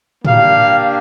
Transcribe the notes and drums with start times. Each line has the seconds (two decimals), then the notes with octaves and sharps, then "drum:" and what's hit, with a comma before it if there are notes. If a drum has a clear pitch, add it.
0.25 A#3 D4 G4 F5, drum: tom A2